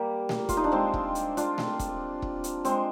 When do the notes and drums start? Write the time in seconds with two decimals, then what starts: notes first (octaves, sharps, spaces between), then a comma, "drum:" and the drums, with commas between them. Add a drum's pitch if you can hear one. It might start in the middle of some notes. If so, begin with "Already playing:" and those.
Already playing: G3 A#3
0.29 drum: snare A3
0.49 F4, drum: kick E1, hi-hat
0.57 D#4
0.64 D4
0.72 G#3 C4
0.94 drum: kick E1
1.15 drum: hi-hat
1.37 D4 F4, drum: hi-hat
1.58 drum: snare A3
1.79 drum: kick E1, hi-hat
2.22 drum: kick E1
2.44 drum: hi-hat
2.65 G#3 C4, drum: hi-hat